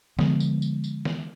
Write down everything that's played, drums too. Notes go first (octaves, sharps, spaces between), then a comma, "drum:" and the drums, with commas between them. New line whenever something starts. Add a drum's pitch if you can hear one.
D3 F3 G#3 B3, drum: snare
drum: tambourine
drum: tambourine
drum: tambourine
drum: snare